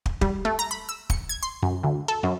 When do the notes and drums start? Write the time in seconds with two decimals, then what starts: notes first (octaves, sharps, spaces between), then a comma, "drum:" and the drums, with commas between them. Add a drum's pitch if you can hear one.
0.06 drum: kick
0.21 G3, drum: kick
0.45 A3
0.59 A#5
0.71 B5
0.89 E6
1.10 C#7, drum: kick
1.29 G#6
1.43 C6
1.63 F#2
1.83 D2
2.08 A4
2.23 F#2